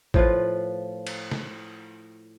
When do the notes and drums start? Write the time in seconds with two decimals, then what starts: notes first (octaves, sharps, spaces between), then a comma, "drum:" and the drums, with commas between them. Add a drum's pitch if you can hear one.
0.14 A2 F3 F4 B4, drum: kick
1.07 drum: cymbal
1.31 drum: snare